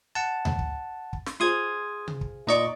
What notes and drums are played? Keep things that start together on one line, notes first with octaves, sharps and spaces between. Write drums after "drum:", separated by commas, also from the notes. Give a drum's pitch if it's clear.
F#5 A5
drum: tom D2
drum: kick
drum: kick
drum: snare
F4 G#4 C5 C6 D#6 G#6
drum: tom C3
drum: kick
A#2 D#4 D5 D#5 C#6